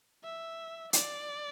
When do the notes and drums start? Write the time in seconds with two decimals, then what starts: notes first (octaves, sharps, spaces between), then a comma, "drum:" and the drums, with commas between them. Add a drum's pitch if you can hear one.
0.24 E5
0.93 D5, drum: hi-hat